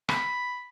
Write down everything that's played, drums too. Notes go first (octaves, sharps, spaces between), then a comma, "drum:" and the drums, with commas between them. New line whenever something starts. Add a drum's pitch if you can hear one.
B5, drum: rim click